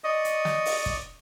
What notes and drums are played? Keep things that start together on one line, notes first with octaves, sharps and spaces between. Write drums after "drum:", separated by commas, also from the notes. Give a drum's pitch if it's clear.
D5 D#5 C#6 D#6
drum: hi-hat
drum: snare
drum: open hi-hat
drum: kick